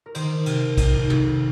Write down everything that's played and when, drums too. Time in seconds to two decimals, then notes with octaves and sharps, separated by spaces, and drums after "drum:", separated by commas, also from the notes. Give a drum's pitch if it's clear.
0.06 A#4
0.15 D#3 C5, drum: cymbal
0.46 C3, drum: cymbal
0.77 D#4, drum: kick, cymbal
1.10 F2, drum: tom